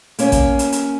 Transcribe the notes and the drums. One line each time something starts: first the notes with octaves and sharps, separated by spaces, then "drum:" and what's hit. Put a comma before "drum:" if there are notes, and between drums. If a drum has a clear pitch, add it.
A#3 C#4, drum: hi-hat
drum: kick A1, hi-hat
drum: hi-hat
drum: hi-hat